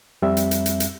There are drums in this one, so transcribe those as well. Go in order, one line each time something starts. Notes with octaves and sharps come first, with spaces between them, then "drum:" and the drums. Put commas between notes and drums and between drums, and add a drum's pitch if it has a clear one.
F2 G3 C4 E5
drum: hi-hat
drum: hi-hat
drum: hi-hat
drum: hi-hat